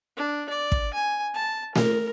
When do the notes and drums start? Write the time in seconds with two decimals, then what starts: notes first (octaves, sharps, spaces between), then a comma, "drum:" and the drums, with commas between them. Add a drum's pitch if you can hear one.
0.17 D4
0.50 D5
0.72 drum: kick
0.94 G#5
1.34 A5
1.76 A#4, drum: snare A3